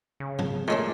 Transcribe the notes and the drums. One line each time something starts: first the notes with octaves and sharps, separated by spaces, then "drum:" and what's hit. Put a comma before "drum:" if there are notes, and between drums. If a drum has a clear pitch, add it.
C#3
F3, drum: tom G#2
A#2 G#3 A3 C#4 D4